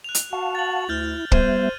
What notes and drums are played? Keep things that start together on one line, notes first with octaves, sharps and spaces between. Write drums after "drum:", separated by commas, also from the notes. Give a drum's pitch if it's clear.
F#6 F7
drum: hi-hat
F#4 F5 F#5 A5
A6 F#7
D2 E4 F6 G6 A6
G3 B3 C5 E5 F6 G#6 D#7, drum: kick